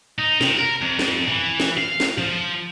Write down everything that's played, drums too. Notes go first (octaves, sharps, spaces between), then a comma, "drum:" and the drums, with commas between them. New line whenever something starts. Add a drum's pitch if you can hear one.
D#4
C3, drum: snare
A#4
F2
drum: snare
E3
drum: snare
F5
drum: snare
F3